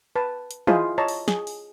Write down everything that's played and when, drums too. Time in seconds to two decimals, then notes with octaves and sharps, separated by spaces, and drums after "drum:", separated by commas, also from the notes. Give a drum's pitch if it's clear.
0.16 B4 A5
0.51 drum: hi-hat
0.67 E4 F4 G#4 C5 D#5, drum: tom
0.98 C#5 D#5 A5 A#5
1.08 drum: open hi-hat
1.28 G#4, drum: snare
1.47 drum: open hi-hat